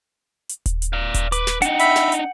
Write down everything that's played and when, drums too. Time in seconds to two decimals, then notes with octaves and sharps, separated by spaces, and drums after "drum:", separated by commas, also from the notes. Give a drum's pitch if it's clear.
0.49 drum: hi-hat
0.66 drum: kick D#1, hi-hat
0.82 drum: hi-hat
0.93 D5 F5
1.14 drum: kick D#1, hi-hat
1.32 B4 D6, drum: hi-hat
1.47 drum: snare
1.62 D4 D#4 F#5 G5, drum: hi-hat
1.79 E5 B5, drum: hi-hat
1.96 drum: snare
2.12 drum: hi-hat